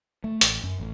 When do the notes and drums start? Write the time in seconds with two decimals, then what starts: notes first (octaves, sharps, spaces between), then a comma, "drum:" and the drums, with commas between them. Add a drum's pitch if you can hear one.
0.24 A3
0.41 A1, drum: hi-hat
0.63 F#2
0.80 A1